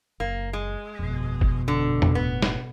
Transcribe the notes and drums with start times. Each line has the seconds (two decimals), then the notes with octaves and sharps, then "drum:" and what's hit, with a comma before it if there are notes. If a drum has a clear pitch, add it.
0.20 F#1 A#3
0.53 G#3
0.99 G1 F2 B2
1.41 drum: kick
1.68 D3
2.02 drum: tom E2
2.15 F#1 A2 B3
2.42 drum: snare